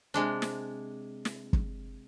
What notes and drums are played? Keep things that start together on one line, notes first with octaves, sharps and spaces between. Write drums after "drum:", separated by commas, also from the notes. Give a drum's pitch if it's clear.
C3 G#3 D4
drum: snare
drum: snare
drum: kick